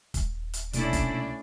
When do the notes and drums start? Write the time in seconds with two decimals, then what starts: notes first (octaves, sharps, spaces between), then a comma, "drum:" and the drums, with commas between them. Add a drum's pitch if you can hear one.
0.14 D#1, drum: kick, hi-hat
0.54 drum: hi-hat
0.73 C2 B2 A3 A#3 C#4 D4 E4 D5, drum: hi-hat
0.93 drum: kick, hi-hat